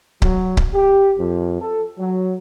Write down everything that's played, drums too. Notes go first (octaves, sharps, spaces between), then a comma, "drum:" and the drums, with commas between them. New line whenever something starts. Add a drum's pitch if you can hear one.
F#3, drum: kick C#1
drum: kick C#1
G4
F2
A4
F#3